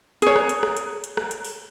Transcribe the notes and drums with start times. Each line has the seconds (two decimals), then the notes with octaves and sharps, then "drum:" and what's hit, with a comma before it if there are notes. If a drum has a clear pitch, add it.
0.22 G#4 C#5, drum: hi-hat
0.36 drum: rim click
0.49 drum: hi-hat
0.63 drum: rim click
0.77 drum: hi-hat
1.04 drum: hi-hat
1.17 drum: rim click
1.31 drum: hi-hat
1.45 drum: open hi-hat